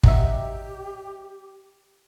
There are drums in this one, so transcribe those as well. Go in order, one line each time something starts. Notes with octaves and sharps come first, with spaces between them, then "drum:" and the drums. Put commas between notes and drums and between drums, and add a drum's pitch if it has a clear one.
F#3 D#4 G4 E5, drum: kick